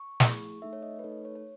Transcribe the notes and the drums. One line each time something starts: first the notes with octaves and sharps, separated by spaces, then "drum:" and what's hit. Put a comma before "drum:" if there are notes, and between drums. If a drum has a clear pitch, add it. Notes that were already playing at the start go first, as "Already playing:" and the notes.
Already playing: C#6
A3 E4 G#4, drum: snare
A3 D#4 A4 E5
C#5
D#5
B4
A3 D#4 A4 C#5
C#5
C#5